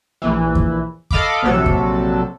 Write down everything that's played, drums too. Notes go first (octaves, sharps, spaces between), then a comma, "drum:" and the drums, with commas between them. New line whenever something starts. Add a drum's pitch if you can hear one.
A#1 E3
drum: kick
A4 D#5 F5 B5 D6, drum: kick
A#1 C3 F#3 A4
drum: kick